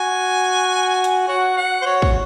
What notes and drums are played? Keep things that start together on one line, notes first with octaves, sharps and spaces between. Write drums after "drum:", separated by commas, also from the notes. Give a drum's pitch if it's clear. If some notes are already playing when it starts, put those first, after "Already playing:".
Already playing: F#4 G#5
drum: hi-hat
F#4 C#5 F#5
F#5
C5
F#4 C#5
drum: kick